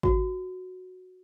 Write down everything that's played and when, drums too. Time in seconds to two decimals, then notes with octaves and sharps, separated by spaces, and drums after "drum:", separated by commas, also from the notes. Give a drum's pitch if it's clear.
0.03 F#4, drum: kick G#1